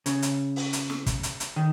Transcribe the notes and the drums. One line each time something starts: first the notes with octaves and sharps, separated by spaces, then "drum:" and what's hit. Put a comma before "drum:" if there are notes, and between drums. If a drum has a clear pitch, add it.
C#3, drum: hi-hat
drum: hi-hat
drum: open hi-hat
drum: hi-hat
drum: snare
drum: kick, hi-hat
drum: hi-hat
drum: hi-hat
D#3